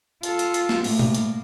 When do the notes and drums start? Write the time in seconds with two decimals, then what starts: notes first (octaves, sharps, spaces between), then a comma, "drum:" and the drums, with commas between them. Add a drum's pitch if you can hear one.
0.23 F4 A4, drum: hi-hat
0.39 drum: hi-hat
0.54 drum: hi-hat
0.69 drum: snare A#3
0.84 A2 A#3, drum: open hi-hat
0.99 drum: tom B2
1.14 drum: hi-hat